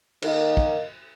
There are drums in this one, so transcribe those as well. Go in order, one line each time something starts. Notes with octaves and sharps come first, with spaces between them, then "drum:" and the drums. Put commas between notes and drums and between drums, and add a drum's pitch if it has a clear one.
D#3 A#3 D#4, drum: cymbal
drum: kick